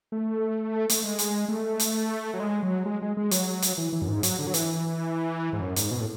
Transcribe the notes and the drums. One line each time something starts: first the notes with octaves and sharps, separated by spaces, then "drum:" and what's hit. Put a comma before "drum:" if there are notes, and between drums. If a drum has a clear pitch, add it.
A3
A3, drum: hi-hat
G#3
drum: hi-hat
A3
drum: hi-hat
F#3
G#3
F#3
G#3
G#3
G#3
F#3, drum: hi-hat
drum: hi-hat
E3
E3
F#2
G#2
F#3, drum: hi-hat
D3
F#3
E3, drum: hi-hat
G#2
F#2
G#2, drum: hi-hat
B2
A2